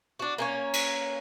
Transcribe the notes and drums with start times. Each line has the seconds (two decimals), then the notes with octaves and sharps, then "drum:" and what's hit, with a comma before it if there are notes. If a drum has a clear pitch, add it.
0.19 D4 F#4
0.38 A#3 C#4 C#5
0.74 drum: cymbal